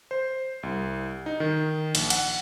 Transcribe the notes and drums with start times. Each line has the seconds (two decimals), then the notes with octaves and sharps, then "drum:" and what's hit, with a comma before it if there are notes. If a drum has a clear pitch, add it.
0.11 C5
0.63 C2
1.26 D#4
1.40 D#3
1.95 A#1, drum: cymbal
2.10 F#5, drum: cymbal